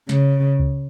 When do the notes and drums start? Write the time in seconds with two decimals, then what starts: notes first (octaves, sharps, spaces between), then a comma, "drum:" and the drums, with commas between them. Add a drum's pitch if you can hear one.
0.09 C#3, drum: snare
0.60 drum: kick C#2